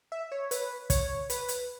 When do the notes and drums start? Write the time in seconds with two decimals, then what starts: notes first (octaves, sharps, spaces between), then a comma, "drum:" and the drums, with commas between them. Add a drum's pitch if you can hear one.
0.12 E5
0.32 C#5
0.51 B4, drum: hi-hat
0.90 C#5, drum: kick, hi-hat
1.30 B4, drum: hi-hat
1.48 drum: hi-hat